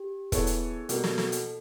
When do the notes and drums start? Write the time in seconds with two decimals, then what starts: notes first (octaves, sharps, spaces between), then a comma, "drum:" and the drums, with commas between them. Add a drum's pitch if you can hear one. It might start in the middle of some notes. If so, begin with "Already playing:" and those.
Already playing: G4
0.32 B3 E4 G#4 A4 C#5, drum: kick, hi-hat
0.47 drum: hi-hat
0.89 B2 G3 A#3 A4, drum: hi-hat
1.04 drum: snare
1.18 A4, drum: snare
1.32 drum: hi-hat